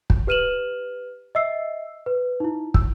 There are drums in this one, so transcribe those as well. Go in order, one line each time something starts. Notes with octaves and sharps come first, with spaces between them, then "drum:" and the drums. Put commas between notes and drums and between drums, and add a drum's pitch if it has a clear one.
drum: kick
G4 B4 F6 D#7 E7 F#7
D#5 E5 E6 C7
B4
D#4 E4
E6, drum: kick